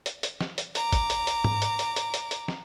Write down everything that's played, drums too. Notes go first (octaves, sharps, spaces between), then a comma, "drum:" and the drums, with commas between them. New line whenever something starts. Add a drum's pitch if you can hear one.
drum: hi-hat
drum: hi-hat
drum: snare
drum: hi-hat
A#5 D6, drum: hi-hat
drum: kick, hi-hat
drum: hi-hat
drum: hi-hat
drum: tom G#2
drum: hi-hat
drum: hi-hat
drum: hi-hat
drum: hi-hat
drum: hi-hat
drum: snare